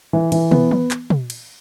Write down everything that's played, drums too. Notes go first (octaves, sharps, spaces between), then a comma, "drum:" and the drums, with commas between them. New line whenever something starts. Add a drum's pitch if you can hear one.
E3
E3, drum: cymbal
B3, drum: tom
drum: tom
drum: clap
drum: tom
drum: cymbal